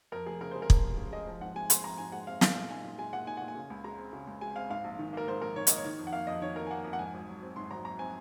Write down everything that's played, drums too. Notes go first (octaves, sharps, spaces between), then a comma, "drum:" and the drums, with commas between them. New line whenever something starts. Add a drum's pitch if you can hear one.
F2 A#4
F1 G#4
C#3 A#4
G#3 C5
A#4
F2, drum: kick
F1
C#3
G#3 D#5
F3
G#2 F#5
G#3 G#5
C4 C6, drum: hi-hat
F3 A#5
G#2 G#5
G#3 F#5
C4 F5
G#3 F5, drum: snare
A#2 F5
D#4 G#5
A#2
G#3 G#5
A#2 F#5
D#4 G#5
A#2 F#5
G#5
C#3
C#2
G#3 A#5
C4
C#3
C#2
G#3 G#5
C4 F5
G#2 F5
A#1
D#3
A#3 A#4
G#2 C5
A#1 A#4
D#3 C#5
A#3 D#5, drum: hi-hat
C#5
D#3
F2
F#5
A#3 F5
F2 D#5
D#3 C#5
F2 A#4
G#5
A#3 F#5
F2
F#5
G#2 G#5
G#1
F#3
C4
G#2 C6
G#1 A#5
F#3 A#5
C4 G#5